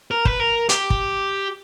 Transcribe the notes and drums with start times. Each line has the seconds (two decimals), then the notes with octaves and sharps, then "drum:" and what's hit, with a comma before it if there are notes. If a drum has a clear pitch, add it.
0.11 A#4
0.25 B4, drum: kick
0.40 A#4
0.69 G4, drum: hi-hat
0.90 drum: kick